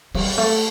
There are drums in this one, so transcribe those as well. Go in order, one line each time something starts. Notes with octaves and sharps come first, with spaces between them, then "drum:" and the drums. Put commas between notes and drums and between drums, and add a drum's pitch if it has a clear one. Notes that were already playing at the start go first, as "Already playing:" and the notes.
G3, drum: cymbal
A3